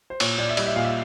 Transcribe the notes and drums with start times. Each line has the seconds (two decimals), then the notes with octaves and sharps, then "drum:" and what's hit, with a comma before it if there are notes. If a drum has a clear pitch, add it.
0.10 C5
0.20 A#2 C#5, drum: cymbal
0.38 A#2 D5
0.49 E5
0.57 G3 D#5, drum: cymbal
0.67 E5
0.76 A#2 F5
0.85 E5